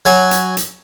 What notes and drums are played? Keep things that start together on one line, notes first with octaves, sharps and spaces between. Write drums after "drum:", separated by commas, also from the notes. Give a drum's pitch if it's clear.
F#3 G#5
drum: hi-hat
drum: hi-hat